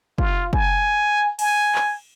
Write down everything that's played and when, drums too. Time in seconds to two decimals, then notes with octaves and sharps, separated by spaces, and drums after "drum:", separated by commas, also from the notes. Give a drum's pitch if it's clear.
0.18 F4, drum: kick
0.53 G#5, drum: kick
1.39 G#5, drum: cymbal
1.75 drum: clap